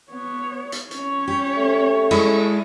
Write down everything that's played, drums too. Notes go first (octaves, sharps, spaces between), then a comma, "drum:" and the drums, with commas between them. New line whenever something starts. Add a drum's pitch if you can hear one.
B3 C#5
drum: hi-hat
C#4 C#5, drum: hi-hat
G4
A3
G#3 E4, drum: cymbal